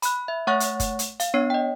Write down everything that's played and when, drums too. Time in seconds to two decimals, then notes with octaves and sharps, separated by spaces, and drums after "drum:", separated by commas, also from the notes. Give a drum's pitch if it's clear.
0.02 B5 F#6, drum: hi-hat
0.28 E5
0.47 A3 C#5 F#5 C#6 F#6 A6
0.60 drum: hi-hat
0.80 drum: kick F#1, hi-hat
0.99 drum: hi-hat
1.20 F5, drum: hi-hat
1.34 B3 D4 C#5 C7
1.50 D#5 G5